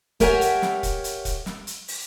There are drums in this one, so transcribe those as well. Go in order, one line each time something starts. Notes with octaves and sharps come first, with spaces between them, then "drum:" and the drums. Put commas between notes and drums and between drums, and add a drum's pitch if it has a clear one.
G4 A#4 C#5 E5 F#5 G#5, drum: kick, hi-hat
drum: hi-hat
drum: snare
drum: kick, hi-hat
drum: hi-hat
drum: kick, hi-hat
drum: snare
drum: hi-hat
drum: open hi-hat